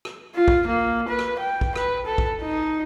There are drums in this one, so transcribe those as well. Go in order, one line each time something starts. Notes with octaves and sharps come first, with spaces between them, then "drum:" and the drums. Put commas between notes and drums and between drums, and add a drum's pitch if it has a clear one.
drum: rim click
F4
drum: kick
A#3
B4
drum: rim click
G5
drum: kick
B4, drum: rim click
A4
drum: kick
D#4